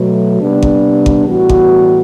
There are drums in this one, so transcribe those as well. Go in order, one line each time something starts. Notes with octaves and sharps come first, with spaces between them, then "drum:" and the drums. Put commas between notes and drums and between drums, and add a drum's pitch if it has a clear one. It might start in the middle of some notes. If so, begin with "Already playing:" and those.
Already playing: B2 F#3 A3
C3 G3 B3 D4
drum: kick G#1
drum: kick G#1
A2 E3 G3 B3 F#4
drum: kick G#1